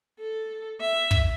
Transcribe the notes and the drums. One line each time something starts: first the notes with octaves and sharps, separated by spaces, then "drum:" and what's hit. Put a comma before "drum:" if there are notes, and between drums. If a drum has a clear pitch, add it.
A4
E5
drum: kick